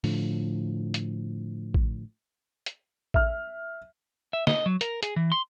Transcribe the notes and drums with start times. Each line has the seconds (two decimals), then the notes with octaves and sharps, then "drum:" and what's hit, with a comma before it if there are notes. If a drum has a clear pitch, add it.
0.04 A2 D3 F3, drum: open hi-hat
0.94 drum: hi-hat
1.74 drum: kick A1
2.66 drum: hi-hat
3.14 E5 F6, drum: kick A1
4.33 E5
4.47 D#5, drum: snare
4.66 F#3
4.81 A#4, drum: hi-hat
5.03 G#4, drum: hi-hat
5.16 E3
5.32 C6